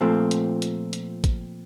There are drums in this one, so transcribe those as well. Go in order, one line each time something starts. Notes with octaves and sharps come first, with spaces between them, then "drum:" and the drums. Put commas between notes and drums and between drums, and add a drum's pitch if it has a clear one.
A#2 F3 A3 C4
drum: hi-hat
drum: hi-hat
drum: hi-hat
drum: kick, hi-hat